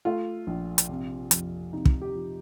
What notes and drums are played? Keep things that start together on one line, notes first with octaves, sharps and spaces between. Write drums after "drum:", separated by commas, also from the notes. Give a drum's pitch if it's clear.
A3 F4
A#1
drum: hi-hat
C3
F2, drum: hi-hat
C3 D#4
drum: kick
G4
F3